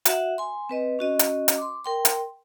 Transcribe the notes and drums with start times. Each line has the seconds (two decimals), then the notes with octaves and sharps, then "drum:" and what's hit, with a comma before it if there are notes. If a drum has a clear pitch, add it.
0.05 F#4 E5 F#5, drum: hi-hat
0.38 G#5 C6
0.69 C4 B4 D#5
0.99 C#4 F#4 D#5
1.19 drum: hi-hat
1.48 drum: hi-hat
1.58 C6 D6
1.84 A#4 G5 C6
2.05 drum: hi-hat